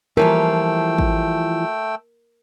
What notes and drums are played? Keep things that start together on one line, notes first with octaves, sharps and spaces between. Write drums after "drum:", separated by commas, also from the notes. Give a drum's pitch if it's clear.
E3 F3 G3 A3 A#4 G5 E6
drum: kick G#1